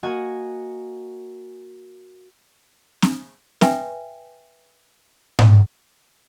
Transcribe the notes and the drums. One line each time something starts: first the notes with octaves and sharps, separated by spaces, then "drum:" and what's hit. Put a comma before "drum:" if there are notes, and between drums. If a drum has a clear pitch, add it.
A#3 F#4 D#5 G#5
drum: snare C4
B4 E5 G5 G#5, drum: snare C4
drum: tom G#2